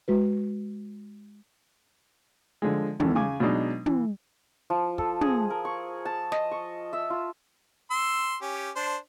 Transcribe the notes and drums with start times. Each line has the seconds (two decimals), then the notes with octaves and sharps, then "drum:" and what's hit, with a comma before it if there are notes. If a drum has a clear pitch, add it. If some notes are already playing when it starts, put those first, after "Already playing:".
0.08 G#3 F#4 B4
2.62 D3 F3 G#3
3.00 G#1 E2 A4, drum: tom
3.15 C#3 G#5 D6
3.40 B2 F#3 G#3 D4 D#4
3.86 E3, drum: tom
4.70 F3
4.98 A4, drum: kick
5.21 G#4, drum: tom
5.50 A#4
5.65 C#6
6.05 A5
6.32 D#5, drum: snare
6.51 C#6
6.93 E5
7.10 F4
7.91 C6 E6
8.42 C#4 G4
8.76 D4 C5